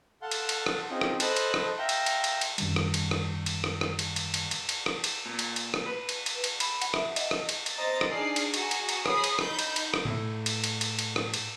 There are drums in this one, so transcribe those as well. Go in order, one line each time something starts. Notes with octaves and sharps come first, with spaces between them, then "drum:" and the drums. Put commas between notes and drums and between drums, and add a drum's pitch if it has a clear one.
A4 F5 F#5 A5 C6
drum: cymbal
drum: cymbal
drum: rim click
C4 C#4 D#4 F4 G#4
drum: rim click
A4 C5 D#5 A5 B5 F#6, drum: cymbal
drum: cymbal
drum: rim click
E5 F5 G5 A#5 C6
drum: cymbal
drum: cymbal
drum: cymbal
drum: cymbal
F#2 D#3 G3, drum: cymbal
drum: rim click
drum: cymbal
drum: rim click
drum: cymbal
drum: rim click
drum: rim click
drum: cymbal
drum: cymbal
drum: cymbal
drum: cymbal
drum: cymbal
drum: rim click
drum: cymbal
A#2
drum: cymbal
drum: cymbal
drum: rim click
B4
drum: cymbal
drum: cymbal
drum: cymbal
B5, drum: cymbal
F#5, drum: cymbal
E5, drum: rim click
D#5, drum: cymbal
drum: rim click
drum: cymbal
drum: cymbal
C5 D#5 A#5 A6
drum: rim click
D4 D#4 G#4 D5 F6 C7
drum: cymbal
F#4 G#4 G#5 A#5 C#7, drum: cymbal
drum: cymbal
drum: cymbal
G#4 C#5 B5 D#6 C7, drum: rim click
drum: cymbal
D#4 B5 G6, drum: rim click
drum: cymbal
drum: cymbal
drum: rim click
A2
drum: cymbal
drum: cymbal
drum: cymbal
drum: cymbal
drum: rim click
drum: cymbal